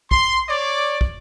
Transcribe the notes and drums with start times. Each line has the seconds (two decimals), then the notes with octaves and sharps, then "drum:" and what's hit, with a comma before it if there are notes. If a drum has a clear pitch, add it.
0.11 C6, drum: kick
0.49 C#5 D5
1.01 drum: kick